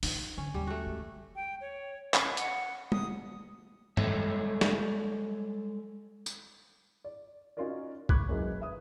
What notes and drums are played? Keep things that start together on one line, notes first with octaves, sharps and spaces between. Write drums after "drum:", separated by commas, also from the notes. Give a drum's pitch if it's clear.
D#4, drum: open hi-hat
D3 C#4
D#2 G3
A3 F#4
G#3
G5
C#5
C#4, drum: clap
F#5, drum: hi-hat
D#6, drum: tom
G3 G#3 A4 C#5 E5, drum: tom G2
drum: snare
drum: tambourine
D5
C#4 D#4 F4 F#4 A#4 D5
B5 C#6 D6 F#6 G#6 B6, drum: kick
E3 F#3 G#3 A#3 C#4
B4 E5 D#6